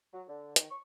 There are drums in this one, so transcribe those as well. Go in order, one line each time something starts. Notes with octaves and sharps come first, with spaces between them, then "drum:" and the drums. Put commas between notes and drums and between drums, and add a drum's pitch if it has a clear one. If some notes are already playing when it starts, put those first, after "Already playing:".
F#3
D3
D#3, drum: hi-hat
C#6